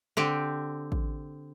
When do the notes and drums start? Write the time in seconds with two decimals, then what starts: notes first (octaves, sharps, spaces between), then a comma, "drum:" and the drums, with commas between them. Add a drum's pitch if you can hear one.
0.17 D3 C4 G4
0.92 drum: kick A1